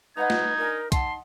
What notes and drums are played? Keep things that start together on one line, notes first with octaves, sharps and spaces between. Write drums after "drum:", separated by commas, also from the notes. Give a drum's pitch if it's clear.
D#4 B4 D#5 F#5 A#5 G#6
drum: snare
D4 A#4 G#5
D#4 F#5 A5 C6, drum: kick, hi-hat